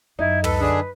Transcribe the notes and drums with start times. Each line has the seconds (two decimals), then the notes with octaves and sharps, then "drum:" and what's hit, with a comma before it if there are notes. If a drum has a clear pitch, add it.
0.19 F#2 D#4 E4
0.44 A4 B4, drum: tom
0.61 D3 D4 G#4